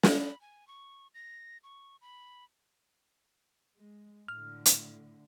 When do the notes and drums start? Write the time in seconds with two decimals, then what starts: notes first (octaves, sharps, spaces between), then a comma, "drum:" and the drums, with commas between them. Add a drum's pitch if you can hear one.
0.03 B5, drum: snare
0.41 G#5
0.68 C#6
1.14 A#6
1.64 C#6
2.01 B5
3.76 G#3
4.28 A2 D3 F6
4.66 drum: hi-hat